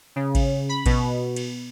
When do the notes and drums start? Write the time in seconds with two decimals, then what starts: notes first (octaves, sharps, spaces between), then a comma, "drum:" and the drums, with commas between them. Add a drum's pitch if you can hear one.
0.16 C#3
0.35 drum: kick A1, cymbal
0.69 B5
0.86 B2, drum: kick A1, cymbal
1.36 drum: cymbal